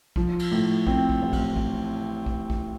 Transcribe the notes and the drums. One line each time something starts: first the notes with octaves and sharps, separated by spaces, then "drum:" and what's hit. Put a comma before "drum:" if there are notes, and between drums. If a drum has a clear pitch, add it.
F3, drum: kick
drum: cymbal
A2
C4, drum: kick
drum: kick
A1
drum: kick, cymbal
drum: kick
drum: kick
drum: kick